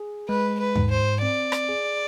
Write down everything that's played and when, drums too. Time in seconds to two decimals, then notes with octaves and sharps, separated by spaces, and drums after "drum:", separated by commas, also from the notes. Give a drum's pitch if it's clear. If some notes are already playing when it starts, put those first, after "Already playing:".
Already playing: G#4
0.29 G#3 B4
0.60 B4
0.76 G#2, drum: tom D#2
0.91 C5
1.22 C4 D5
1.52 drum: rim click
1.69 G#4